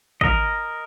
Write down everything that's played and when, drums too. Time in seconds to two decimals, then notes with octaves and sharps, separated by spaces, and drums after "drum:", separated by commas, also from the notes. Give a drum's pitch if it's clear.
0.21 A#4 D#5, drum: kick